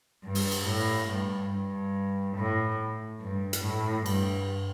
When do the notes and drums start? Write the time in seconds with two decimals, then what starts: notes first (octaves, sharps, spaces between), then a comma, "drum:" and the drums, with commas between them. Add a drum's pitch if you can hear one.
0.24 G2
0.35 drum: open hi-hat
0.52 drum: cymbal
0.67 A2
1.09 G2
1.51 G2
2.37 A2
3.21 G2
3.53 drum: hi-hat
3.63 A2
4.06 G2, drum: cymbal